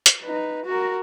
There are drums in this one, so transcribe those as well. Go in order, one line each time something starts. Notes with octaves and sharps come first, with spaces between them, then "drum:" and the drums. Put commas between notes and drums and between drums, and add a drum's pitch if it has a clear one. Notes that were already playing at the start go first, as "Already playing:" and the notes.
drum: hi-hat
D#4 B4
F#4 A#4